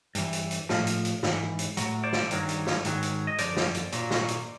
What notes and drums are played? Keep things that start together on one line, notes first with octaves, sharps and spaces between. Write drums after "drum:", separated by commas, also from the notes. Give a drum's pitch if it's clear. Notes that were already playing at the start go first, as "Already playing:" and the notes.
G2 E3, drum: hi-hat
drum: hi-hat
drum: hi-hat
A2 F3, drum: snare
drum: hi-hat
drum: hi-hat
G#2 E3, drum: snare
drum: hi-hat
A2 F#3, drum: hi-hat
C5 D5
drum: snare
G2 D#3 F#3, drum: hi-hat
drum: hi-hat
drum: snare
G#2 D#3 F#3, drum: hi-hat
drum: hi-hat
D#5
F#2 D3 F3 C5 D5, drum: hi-hat
drum: snare
drum: hi-hat
A#2 F#3, drum: hi-hat
drum: snare
drum: hi-hat